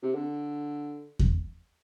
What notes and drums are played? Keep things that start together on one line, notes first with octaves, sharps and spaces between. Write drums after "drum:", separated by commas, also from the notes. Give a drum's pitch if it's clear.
C3
D3
drum: kick E2